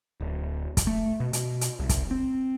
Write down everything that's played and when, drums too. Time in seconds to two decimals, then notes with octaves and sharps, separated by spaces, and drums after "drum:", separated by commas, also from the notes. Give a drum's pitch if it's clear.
0.21 D1
0.77 drum: kick, hi-hat
0.87 A3
1.20 B2
1.33 B2, drum: hi-hat
1.61 drum: hi-hat
1.79 C2
1.89 drum: kick, hi-hat
2.11 C4